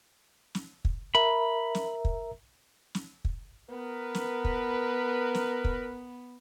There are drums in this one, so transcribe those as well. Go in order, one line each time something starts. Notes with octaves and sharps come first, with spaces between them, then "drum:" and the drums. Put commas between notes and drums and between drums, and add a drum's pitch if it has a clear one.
drum: snare
drum: kick
A#4 E5 A#5 B5
drum: snare
drum: kick
drum: snare
drum: kick
B3 A#4 B4
drum: snare
drum: kick
drum: snare
drum: kick